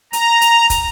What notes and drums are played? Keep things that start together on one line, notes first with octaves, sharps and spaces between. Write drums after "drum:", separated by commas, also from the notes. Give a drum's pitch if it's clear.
A#5, drum: hi-hat
drum: hi-hat
drum: kick, hi-hat